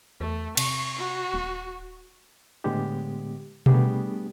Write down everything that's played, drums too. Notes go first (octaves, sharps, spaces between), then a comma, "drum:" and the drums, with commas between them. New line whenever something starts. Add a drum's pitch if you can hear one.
E2 A3
C3 C#6, drum: cymbal
F#4
D#1
A2 D3 G#3 B3 G4
G3 A3 B3 D4 G4 G#4, drum: tom B2